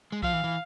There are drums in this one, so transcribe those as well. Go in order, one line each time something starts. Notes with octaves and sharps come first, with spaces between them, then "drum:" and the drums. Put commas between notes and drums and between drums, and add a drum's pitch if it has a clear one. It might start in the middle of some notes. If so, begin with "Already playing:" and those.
G#3
F3 F5, drum: kick B1
E3
E3